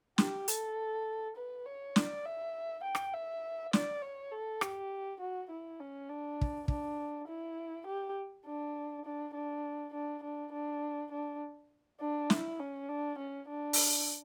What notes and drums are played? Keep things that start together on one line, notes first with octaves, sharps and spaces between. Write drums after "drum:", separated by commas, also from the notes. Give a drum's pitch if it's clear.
G4, drum: snare
A4, drum: hi-hat
B4
C#5
D5, drum: snare
E5
G5
drum: rim click
E5
D5, drum: snare
C#5
A4
G4, drum: rim click
F#4
E4
C#4
D4
drum: kick
D4, drum: kick
E4
G4
D4
D4
D4
D4
D4
D4
D4
D4
E4, drum: snare
C#4
D4
C#4
D4
drum: open hi-hat